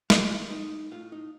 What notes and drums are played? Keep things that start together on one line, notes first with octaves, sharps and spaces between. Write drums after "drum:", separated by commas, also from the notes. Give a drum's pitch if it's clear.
A2 A#3, drum: snare
D#4
A2 F4
D#4